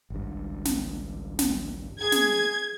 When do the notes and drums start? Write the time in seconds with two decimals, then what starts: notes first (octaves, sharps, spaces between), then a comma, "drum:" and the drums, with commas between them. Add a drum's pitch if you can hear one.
0.10 G#1 C#2 G2
0.65 drum: snare
1.39 drum: snare
2.00 G#4 G#6
2.12 drum: snare